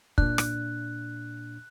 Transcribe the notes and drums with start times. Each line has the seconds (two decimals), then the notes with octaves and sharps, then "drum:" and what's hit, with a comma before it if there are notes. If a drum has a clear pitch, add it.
0.18 A#2 D4 F#6, drum: kick
0.38 drum: rim click